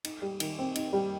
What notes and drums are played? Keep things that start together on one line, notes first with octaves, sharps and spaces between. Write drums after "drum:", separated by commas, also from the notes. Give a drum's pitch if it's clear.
D#4, drum: cymbal
G3
D#3, drum: cymbal
C4
D#4, drum: cymbal
G3